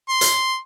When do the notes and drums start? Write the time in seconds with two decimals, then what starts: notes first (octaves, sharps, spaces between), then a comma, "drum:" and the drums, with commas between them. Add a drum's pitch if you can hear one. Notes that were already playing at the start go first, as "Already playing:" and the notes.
0.09 C6
0.21 drum: hi-hat